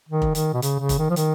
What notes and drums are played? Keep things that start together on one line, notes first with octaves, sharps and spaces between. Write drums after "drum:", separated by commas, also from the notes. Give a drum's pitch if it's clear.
D#3
drum: kick F1
D#3, drum: hi-hat
B2
C#3, drum: hi-hat
C#3
drum: kick F1, hi-hat
D#3
F3
D#3, drum: hi-hat